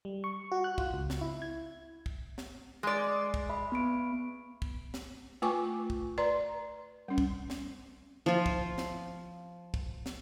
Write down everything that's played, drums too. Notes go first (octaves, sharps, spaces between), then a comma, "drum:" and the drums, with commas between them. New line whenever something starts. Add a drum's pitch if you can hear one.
G3
C#6
F#4
F#6
F4, drum: kick
C#2
drum: snare
E4
G#6
drum: kick
drum: snare
G#3 D5
drum: kick
E5 B5
B3 B5 D7
drum: kick
drum: snare
A3 F4 B4 G#5 C#6 D6
drum: kick
B4 D5 A#5 C6
G3 C#4
drum: kick
drum: snare
F3 F4
drum: kick
drum: snare
drum: kick
drum: snare